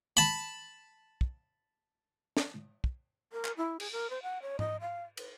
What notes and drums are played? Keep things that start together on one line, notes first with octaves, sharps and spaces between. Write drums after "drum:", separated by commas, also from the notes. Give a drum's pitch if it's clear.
A5 B5
drum: kick
drum: snare
drum: kick
A#4
drum: clap
E4
G#4, drum: cymbal
A#4
C5
F#5
C#5
D#5, drum: tom G#2
F5
B4, drum: cymbal